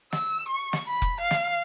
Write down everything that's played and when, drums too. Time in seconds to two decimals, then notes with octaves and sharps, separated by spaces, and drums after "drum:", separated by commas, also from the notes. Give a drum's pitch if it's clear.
0.12 E6, drum: snare
0.48 C#6
0.73 drum: snare
0.87 B5
1.02 drum: kick F1
1.20 F5
1.31 drum: snare